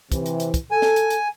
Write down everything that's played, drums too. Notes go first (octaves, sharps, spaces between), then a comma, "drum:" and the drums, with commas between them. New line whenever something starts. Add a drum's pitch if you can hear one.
C3 E3, drum: kick, hi-hat
drum: hi-hat
drum: hi-hat
drum: kick, hi-hat
A4 G#5
drum: snare
drum: hi-hat
drum: hi-hat